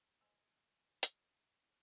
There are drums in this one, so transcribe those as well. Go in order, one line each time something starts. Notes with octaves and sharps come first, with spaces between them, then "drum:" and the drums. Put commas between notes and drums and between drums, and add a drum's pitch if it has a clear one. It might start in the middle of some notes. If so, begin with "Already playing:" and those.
F1 C5 D#5 G#5 E6
drum: hi-hat